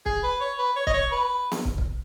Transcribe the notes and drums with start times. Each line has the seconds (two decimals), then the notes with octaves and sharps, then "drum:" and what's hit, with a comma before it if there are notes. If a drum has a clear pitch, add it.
0.06 G#4, drum: kick
0.23 B4
0.41 C#5
0.58 B4
0.76 C#5
0.87 D#5, drum: kick
0.94 C#5
1.11 B4
1.52 drum: snare B3
1.65 drum: kick
1.78 drum: kick